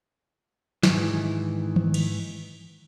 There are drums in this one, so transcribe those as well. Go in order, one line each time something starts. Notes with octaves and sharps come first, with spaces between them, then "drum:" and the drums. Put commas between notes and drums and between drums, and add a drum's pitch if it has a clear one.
G#2 D#3 E3, drum: snare
drum: tom D#3
drum: cymbal